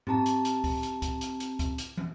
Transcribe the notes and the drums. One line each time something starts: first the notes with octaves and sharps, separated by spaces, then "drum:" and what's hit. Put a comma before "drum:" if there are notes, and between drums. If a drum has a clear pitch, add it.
C4 G4 A5 A#5, drum: tom G#2
drum: hi-hat
drum: hi-hat
drum: kick C#2, open hi-hat
drum: hi-hat
drum: kick C#2, hi-hat
drum: hi-hat
drum: hi-hat
drum: kick C#2, hi-hat
drum: hi-hat
drum: tom